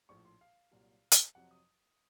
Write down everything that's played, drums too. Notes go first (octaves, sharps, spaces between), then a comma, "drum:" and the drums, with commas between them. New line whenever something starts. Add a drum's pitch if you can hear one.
A#1 A2 F3 C#6
C6
F5
C2 A#2 F#3
drum: hi-hat
F2 C3 F#3 F#5
D#6